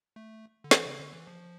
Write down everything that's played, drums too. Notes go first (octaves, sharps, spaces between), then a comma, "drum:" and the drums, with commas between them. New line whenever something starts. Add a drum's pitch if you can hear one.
A3
D3
E3, drum: snare
C#3
D3
E3
F3